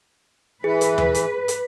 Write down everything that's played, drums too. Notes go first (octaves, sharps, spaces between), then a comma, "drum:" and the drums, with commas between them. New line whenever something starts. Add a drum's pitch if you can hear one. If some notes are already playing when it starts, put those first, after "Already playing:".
E3 G#4 B4
drum: hi-hat
drum: tom D#2
drum: hi-hat
drum: hi-hat